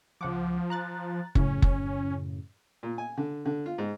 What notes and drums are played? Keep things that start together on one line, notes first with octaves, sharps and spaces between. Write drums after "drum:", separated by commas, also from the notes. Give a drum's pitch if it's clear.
C#2 F3 F#5 D6
A#5 F#6 A6
F#2 A2 C#3 C#4, drum: kick F#1
drum: kick F#1
A#2
G#5
D3
D3
F4
G#2